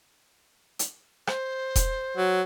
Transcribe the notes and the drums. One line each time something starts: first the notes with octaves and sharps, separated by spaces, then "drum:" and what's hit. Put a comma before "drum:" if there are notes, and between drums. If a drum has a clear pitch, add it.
drum: hi-hat
C5, drum: rim click
drum: kick E1, hi-hat
F#3